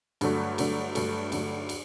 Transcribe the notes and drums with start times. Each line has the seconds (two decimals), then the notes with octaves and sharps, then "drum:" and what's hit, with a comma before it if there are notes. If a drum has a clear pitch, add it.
0.21 G2 D3 F#3 A3, drum: cymbal
0.58 G2 D3 F#3 A3, drum: cymbal
0.95 G2 D3 F#3 A3, drum: cymbal
1.32 G2 D3 F#3 A3, drum: cymbal
1.69 drum: cymbal